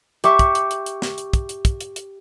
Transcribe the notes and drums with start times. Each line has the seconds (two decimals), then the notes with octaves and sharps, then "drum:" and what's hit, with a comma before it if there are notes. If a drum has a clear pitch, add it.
0.24 G4 E5 C#6 D6, drum: hi-hat
0.39 drum: kick, hi-hat
0.55 drum: hi-hat
0.71 drum: hi-hat
0.86 drum: hi-hat
1.02 drum: snare
1.18 drum: hi-hat
1.33 drum: kick, hi-hat
1.49 drum: hi-hat
1.65 drum: kick, hi-hat
1.81 drum: hi-hat
1.96 drum: hi-hat